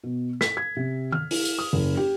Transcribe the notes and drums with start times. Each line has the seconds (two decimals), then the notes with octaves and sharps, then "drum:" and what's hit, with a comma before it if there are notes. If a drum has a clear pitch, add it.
0.04 B2
0.41 B6, drum: snare
0.57 G#6
0.77 C3
1.12 F6, drum: tom D#3
1.31 E4, drum: open hi-hat
1.45 drum: tambourine
1.59 D#6
1.73 F#1
1.97 G4